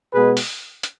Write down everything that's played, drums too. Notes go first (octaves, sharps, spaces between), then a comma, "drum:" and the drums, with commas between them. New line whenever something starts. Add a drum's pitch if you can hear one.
B2 G#3 B3 G#4 B4
drum: open hi-hat
drum: hi-hat